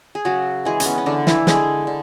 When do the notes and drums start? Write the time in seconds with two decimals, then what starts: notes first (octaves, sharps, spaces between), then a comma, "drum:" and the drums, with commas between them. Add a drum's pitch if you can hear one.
0.15 G#4
0.25 C#3 F#3 F#4
0.65 E3 G#3 G#4
0.80 C#4, drum: hi-hat
0.86 B3
0.98 C#4
1.06 D3 E3 D4
1.27 E3 E4, drum: snare
1.47 D3 G#3 G#4, drum: snare
1.87 D3